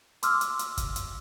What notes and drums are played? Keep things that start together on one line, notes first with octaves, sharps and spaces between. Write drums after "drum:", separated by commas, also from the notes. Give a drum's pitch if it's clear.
C6 D6 E6 F6, drum: hi-hat
drum: hi-hat
drum: hi-hat
drum: kick, hi-hat
drum: hi-hat